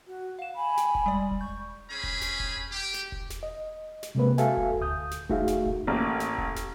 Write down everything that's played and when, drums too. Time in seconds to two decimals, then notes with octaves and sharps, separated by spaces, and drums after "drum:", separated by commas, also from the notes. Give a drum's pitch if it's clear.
0.07 F#4
0.39 F5 F#5 E7
0.56 G#5 B5
0.77 G5, drum: snare
0.95 drum: kick E1
1.06 G3 G#3 D5
1.31 drum: kick E1
1.41 C#6 G6
1.90 C4 C#4 G#4 B5
2.03 drum: kick E1
2.22 drum: snare
2.40 drum: kick E1
2.72 G4
2.94 drum: snare
3.12 drum: kick E1
3.30 drum: snare
3.43 D#5
4.03 drum: snare
4.15 C3 G#3 A#3 C4 B4
4.38 F#4 A4 E5 F5 G#5, drum: snare
4.57 drum: kick E1
4.81 D2 D#6 G6
5.11 drum: snare
5.29 A3 D#4 F#4 G#4 E5 F5, drum: kick E1
5.48 drum: snare
5.66 drum: kick E1
5.87 A1 A#3
6.20 drum: snare
6.38 drum: kick E1
6.56 drum: snare